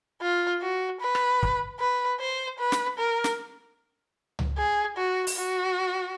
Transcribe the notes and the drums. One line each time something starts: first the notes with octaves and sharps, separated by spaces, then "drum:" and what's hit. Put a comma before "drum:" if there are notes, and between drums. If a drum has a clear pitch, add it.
F4
F#4
B4
drum: rim click
drum: kick
B4
C5
B4
drum: snare
A#4
drum: snare
drum: tom C#2
G#4
F#4
drum: open hi-hat
F#4